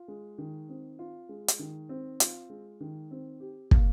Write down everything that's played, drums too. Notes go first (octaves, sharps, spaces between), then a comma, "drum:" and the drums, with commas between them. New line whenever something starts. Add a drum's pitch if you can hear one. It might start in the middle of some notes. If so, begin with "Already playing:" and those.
Already playing: F4
G#3
D#3
C4
F4
G#3
drum: hi-hat
D#3
C4
F4, drum: hi-hat
G#3
D#3
C4
G4
A#3, drum: kick